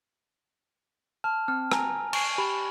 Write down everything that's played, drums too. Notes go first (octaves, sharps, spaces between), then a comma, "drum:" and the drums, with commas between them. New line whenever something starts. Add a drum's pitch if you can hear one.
A5 F6
C4 F6
G#5 A#5, drum: rim click
G#5 C#6 C7, drum: cymbal
G4 B5